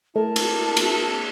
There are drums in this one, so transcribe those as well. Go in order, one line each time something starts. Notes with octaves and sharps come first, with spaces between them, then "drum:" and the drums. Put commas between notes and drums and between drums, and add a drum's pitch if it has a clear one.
A3 E4 G#4 A#4 A5
drum: cymbal
drum: cymbal